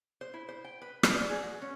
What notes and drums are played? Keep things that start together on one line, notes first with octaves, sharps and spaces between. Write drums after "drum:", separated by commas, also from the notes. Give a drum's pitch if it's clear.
C5
E4
C5
G5
B4
G3, drum: rim click
D5
G#4
F#4
C#4